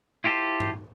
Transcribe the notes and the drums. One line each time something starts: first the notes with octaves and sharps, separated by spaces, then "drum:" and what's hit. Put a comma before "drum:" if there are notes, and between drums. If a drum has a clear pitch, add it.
E4 F4 G4 A4 C5
drum: tom G2